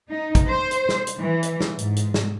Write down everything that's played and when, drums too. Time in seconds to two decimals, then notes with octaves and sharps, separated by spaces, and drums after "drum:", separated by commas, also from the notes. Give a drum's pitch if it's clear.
0.11 D#4
0.35 drum: kick, hi-hat
0.48 C5
0.71 drum: hi-hat
0.89 drum: snare
1.07 drum: hi-hat
1.19 E3
1.43 drum: hi-hat
1.61 drum: snare
1.78 G#2, drum: hi-hat
1.96 drum: hi-hat
2.14 drum: snare